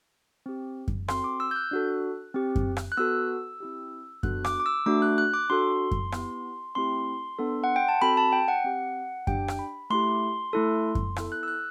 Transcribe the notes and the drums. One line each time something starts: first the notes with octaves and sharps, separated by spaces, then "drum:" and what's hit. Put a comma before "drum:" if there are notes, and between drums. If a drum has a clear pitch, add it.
C4 G4
drum: kick F#2
C4 F#4 A4 C6, drum: rim click
D6
E6
G6
F#6
D4 F#4 A4
C4 G4
drum: kick F#2
drum: rim click
F#6
B3 F#4 A4 E6
C4 E4 G4
B3 D4 F#4 A4 F#6, drum: kick F#2
D6, drum: rim click
D6
E6
A3 D4 F#4 D6
F#6
F#6
D6
D4 F#4 A4 C6
drum: kick F#2
B3 E4 G4, drum: rim click
A3 C4 E4 G4 C6
B3 D4 A4
F#5
G5
A5
C4 F#4 A4 B5
A5
G5
F#5
C4 G4
D4 G4 G5, drum: kick F#2
drum: rim click
B5
A3 E4 G4 C6
A3 E4 A4
drum: kick F#2
B3 E4 A4, drum: rim click
F#6
E6
F#6